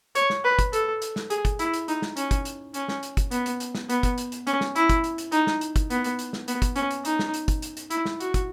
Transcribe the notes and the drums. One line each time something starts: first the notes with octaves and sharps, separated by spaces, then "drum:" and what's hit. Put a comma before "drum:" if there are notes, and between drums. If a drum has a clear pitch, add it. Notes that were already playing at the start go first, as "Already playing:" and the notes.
C#5, drum: hi-hat
drum: snare
B4
drum: kick, hi-hat
A4, drum: hi-hat
drum: hi-hat
drum: snare
G#4, drum: hi-hat
drum: kick, hi-hat
E4, drum: hi-hat
drum: hi-hat
D#4, drum: hi-hat
drum: snare
C#4, drum: hi-hat
drum: kick, hi-hat
drum: hi-hat
C#4, drum: hi-hat
drum: snare
drum: hi-hat
drum: kick, hi-hat
B3, drum: hi-hat
drum: hi-hat
drum: hi-hat
drum: snare
B3, drum: hi-hat
drum: kick, hi-hat
drum: hi-hat
drum: hi-hat
C#4, drum: hi-hat
drum: snare
E4, drum: hi-hat
drum: kick, hi-hat
drum: hi-hat
drum: hi-hat
D#4, drum: hi-hat
drum: snare
drum: hi-hat
drum: kick, hi-hat
B3, drum: hi-hat
drum: hi-hat
drum: hi-hat
drum: snare
B3, drum: hi-hat
drum: kick, hi-hat
C#4, drum: hi-hat
drum: hi-hat
D#4, drum: hi-hat
drum: snare
drum: hi-hat
drum: kick, hi-hat
drum: hi-hat
drum: hi-hat
E4, drum: hi-hat
drum: snare
F#4, drum: hi-hat
drum: kick, hi-hat